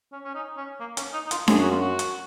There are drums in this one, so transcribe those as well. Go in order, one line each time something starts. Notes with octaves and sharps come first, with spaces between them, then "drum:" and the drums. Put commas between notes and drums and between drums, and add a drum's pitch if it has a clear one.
C#4
C#4
D#4
C#4
A#3
C#4, drum: hi-hat
D#4
D#4
F4, drum: hi-hat
F#2 G#4, drum: snare D4
F#4
F4
F#4
drum: hi-hat